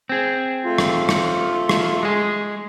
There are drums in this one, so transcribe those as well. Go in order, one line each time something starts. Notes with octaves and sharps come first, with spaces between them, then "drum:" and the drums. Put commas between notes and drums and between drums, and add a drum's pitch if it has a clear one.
C4 G#4
A3 F4
drum: rim click
drum: rim click
drum: rim click
G#3 G#4